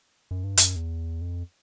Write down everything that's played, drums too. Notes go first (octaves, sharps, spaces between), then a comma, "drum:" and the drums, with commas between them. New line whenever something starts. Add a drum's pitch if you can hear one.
F#2
G2
F#2, drum: hi-hat
E2
F2